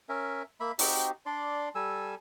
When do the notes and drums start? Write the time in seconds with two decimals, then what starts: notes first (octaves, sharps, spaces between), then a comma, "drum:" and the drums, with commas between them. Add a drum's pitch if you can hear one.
0.09 C#4 A#4 E5
0.60 A#3 E5 B5
0.79 C4 D#4 F#4 G4, drum: open hi-hat
1.26 D4 D5 C6
1.75 G3 A4 G#5 E6